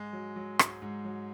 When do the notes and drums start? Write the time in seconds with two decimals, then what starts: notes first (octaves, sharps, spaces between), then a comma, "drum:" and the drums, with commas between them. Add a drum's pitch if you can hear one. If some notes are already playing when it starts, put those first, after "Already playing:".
Already playing: G#2 G#3
0.13 F#3
0.36 F#3
0.59 G#2, drum: rim click
0.82 G#2
1.05 F#3